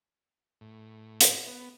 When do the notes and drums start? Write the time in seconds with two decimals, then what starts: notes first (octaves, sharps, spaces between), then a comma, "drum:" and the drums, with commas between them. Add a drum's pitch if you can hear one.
0.61 A2
1.21 drum: hi-hat
1.48 B3